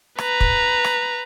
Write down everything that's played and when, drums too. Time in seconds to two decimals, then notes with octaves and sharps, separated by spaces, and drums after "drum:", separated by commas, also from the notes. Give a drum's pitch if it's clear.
0.19 B4 A#5, drum: rim click
0.41 drum: kick
0.85 drum: rim click